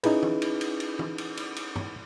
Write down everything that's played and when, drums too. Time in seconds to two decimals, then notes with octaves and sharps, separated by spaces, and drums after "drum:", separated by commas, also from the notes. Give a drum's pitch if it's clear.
0.04 C#4 D#4 E4 G#4 B4, drum: cymbal
0.23 drum: tom
0.42 drum: cymbal
0.61 drum: cymbal
0.80 drum: cymbal
0.99 drum: tom
1.18 drum: cymbal
1.37 drum: cymbal
1.56 drum: cymbal
1.76 drum: tom G2